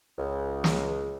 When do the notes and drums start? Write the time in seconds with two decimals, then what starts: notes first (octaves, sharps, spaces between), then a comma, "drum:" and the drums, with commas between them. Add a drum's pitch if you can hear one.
0.18 C#2
0.64 drum: snare